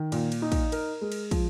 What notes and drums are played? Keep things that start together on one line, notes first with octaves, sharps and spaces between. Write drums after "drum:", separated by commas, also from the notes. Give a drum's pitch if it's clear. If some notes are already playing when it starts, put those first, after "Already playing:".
Already playing: D#3
A#2, drum: cymbal
drum: cymbal
D#4
drum: kick, cymbal
A#4, drum: cymbal
G#3
drum: cymbal
F3, drum: kick, cymbal